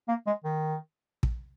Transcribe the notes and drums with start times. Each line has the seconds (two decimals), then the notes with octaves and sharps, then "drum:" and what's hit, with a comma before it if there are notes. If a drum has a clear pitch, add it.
0.08 A#3
0.27 G#3
0.44 D#3
1.23 drum: kick